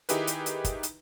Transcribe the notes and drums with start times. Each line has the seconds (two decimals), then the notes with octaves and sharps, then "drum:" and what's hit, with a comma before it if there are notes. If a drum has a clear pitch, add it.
0.09 D#3 D#4 E4 G4 G#4 B4, drum: hi-hat
0.27 drum: hi-hat
0.46 drum: hi-hat
0.64 drum: kick, hi-hat
0.83 drum: hi-hat